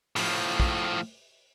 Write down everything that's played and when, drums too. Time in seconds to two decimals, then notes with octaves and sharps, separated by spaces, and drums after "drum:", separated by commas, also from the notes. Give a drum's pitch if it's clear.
0.16 A2 F3, drum: open hi-hat
0.60 drum: kick